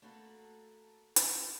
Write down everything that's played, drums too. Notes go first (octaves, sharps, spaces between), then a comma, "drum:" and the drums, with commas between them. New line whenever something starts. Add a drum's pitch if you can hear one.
A3 A#3 F#4 A4 B4
drum: hi-hat